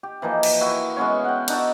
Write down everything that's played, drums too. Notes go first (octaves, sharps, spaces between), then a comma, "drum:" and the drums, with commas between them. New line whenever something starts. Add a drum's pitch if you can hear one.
G4
E3 F3 A#3 D#4
drum: cymbal
E4 F#4
G#3 B3 C#4 C#5
F#5 G5
D4 D#4 F#4 A4, drum: cymbal